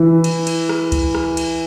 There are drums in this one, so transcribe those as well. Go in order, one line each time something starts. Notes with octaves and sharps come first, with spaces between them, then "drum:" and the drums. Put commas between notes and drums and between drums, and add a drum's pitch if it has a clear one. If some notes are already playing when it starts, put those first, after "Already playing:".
Already playing: E3
drum: cymbal
drum: cymbal
drum: rim click
drum: kick C#2, cymbal
drum: rim click
drum: cymbal